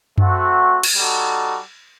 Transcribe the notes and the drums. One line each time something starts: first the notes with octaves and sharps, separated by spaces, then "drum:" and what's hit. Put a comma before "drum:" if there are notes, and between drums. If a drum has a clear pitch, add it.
A3 C4 F#4, drum: tom F#2
drum: cymbal
G3 D#4 F#4 A4